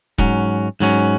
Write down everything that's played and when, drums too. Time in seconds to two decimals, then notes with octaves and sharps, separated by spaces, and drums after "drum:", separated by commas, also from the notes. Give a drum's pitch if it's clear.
0.18 G#2 F#3 C#4, drum: kick E1
0.80 G#2 F#3 C#4